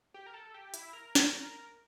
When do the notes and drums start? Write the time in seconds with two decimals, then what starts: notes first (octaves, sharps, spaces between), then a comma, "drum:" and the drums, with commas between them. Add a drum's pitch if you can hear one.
0.14 G4
0.26 A#4
0.34 A4
0.54 G4
0.74 E4, drum: hi-hat
0.93 A#4
1.15 drum: snare